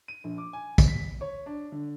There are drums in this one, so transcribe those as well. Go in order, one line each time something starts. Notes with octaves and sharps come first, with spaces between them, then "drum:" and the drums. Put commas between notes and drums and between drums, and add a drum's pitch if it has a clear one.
D#7
A#1
D6
G#5
drum: kick, tambourine
B6
C#5
D4
D3